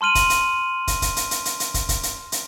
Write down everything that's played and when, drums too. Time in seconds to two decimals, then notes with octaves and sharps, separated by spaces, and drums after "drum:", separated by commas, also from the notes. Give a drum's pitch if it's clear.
0.01 A5 C6 F6 D#7 F#7
0.15 drum: kick, hi-hat
0.30 drum: hi-hat
0.87 drum: kick, hi-hat
1.02 drum: kick, hi-hat
1.16 drum: hi-hat
1.31 drum: hi-hat
1.45 drum: hi-hat
1.60 drum: hi-hat
1.74 drum: kick, hi-hat
1.89 drum: kick, hi-hat
2.03 drum: hi-hat
2.32 drum: hi-hat